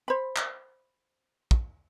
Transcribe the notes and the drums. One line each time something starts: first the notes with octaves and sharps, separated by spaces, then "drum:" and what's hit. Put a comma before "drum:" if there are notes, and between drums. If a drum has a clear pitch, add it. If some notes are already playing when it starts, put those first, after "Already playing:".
C5 B5
drum: clap
drum: kick